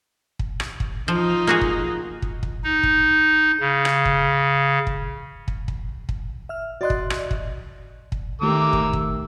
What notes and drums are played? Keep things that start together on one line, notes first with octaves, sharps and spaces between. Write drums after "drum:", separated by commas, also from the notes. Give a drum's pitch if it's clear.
drum: kick
drum: rim click
drum: kick
F3 D#4 F4
A#3 F#4 G#4
drum: kick
drum: kick
drum: kick
D#4
drum: kick
C#3
drum: rim click
drum: kick
drum: kick
drum: kick
drum: kick
drum: kick
E5 F6
F#4 D5 D#5 C6 F#6
drum: kick
drum: rim click
drum: kick
drum: kick
D#3 A3 G4 A#4 D6 E6
drum: kick
drum: kick